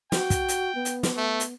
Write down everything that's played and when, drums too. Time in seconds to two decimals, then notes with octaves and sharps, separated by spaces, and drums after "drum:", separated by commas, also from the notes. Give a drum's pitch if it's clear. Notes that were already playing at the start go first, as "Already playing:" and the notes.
0.12 F#4 G5, drum: snare
0.30 drum: kick, hi-hat
0.49 drum: hi-hat
0.75 B3
0.85 drum: hi-hat
1.03 drum: snare
1.17 A3
1.40 drum: hi-hat